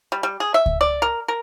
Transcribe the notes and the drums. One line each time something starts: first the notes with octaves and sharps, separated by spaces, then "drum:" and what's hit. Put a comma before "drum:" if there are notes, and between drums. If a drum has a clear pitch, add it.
G3
G3
G#4
E5
drum: kick C#2
D5
A#4
A#4